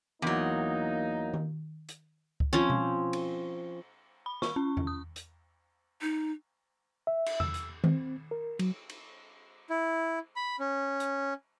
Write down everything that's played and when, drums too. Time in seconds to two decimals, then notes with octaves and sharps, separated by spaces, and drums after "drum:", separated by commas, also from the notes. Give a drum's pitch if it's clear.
0.22 E2 F#3 A#3 D#4
1.34 drum: tom D#3
1.89 drum: hi-hat
2.40 drum: kick C#2
2.53 F3 C4 C#4
2.70 drum: tom B2
3.13 drum: cymbal
4.26 B5
4.42 C#6, drum: snare
4.56 C#4
4.77 drum: tom E2
4.87 D#6
5.16 drum: hi-hat
6.01 D#4
7.07 E5
7.26 drum: cymbal
7.40 E6, drum: tom E2
7.54 drum: hi-hat
7.84 C4, drum: tom D#3
8.31 A#4
8.59 F#3, drum: cymbal
8.89 drum: cymbal
9.70 E4
10.36 B5
10.59 C#4
11.00 drum: hi-hat